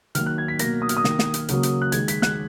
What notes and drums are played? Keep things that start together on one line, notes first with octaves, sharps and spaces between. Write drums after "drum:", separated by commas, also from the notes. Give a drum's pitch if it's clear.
D#3 F#3 A#3 F6, drum: hi-hat
F#6
G#6
B6
B2 F#3 A#3 A#6, drum: hi-hat
D#6
F6, drum: hi-hat
D#6
D#3 A#3, drum: snare
drum: snare
drum: hi-hat
C#3 F#3 A#3, drum: hi-hat
drum: hi-hat
F#6
D#3 G#3 G#6, drum: hi-hat
B6, drum: hi-hat
F#6, drum: snare